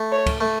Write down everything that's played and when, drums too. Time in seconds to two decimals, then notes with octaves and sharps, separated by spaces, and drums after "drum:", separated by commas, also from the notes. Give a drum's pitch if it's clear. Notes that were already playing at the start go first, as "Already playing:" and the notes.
Already playing: A3
0.12 C#5
0.26 drum: kick, cymbal
0.41 A3